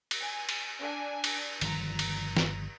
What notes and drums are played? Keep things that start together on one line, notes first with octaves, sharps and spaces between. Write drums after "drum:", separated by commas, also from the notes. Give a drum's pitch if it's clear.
drum: cymbal
G#5
drum: cymbal
D4 G#5
drum: cymbal
G1 D#3 F3 A#5, drum: cymbal
drum: cymbal
drum: snare